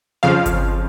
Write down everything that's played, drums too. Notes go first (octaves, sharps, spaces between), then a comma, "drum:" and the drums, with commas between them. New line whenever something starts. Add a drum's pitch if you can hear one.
F2 C#3 F3 F5
drum: kick G1, hi-hat